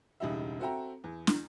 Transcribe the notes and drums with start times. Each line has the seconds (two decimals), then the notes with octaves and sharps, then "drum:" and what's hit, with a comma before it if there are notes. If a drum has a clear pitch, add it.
0.20 E1 C#2 G3 D#4 E4 E5
0.60 C4 F#4 A4 E5 G5 A#5
1.04 E2
1.27 drum: snare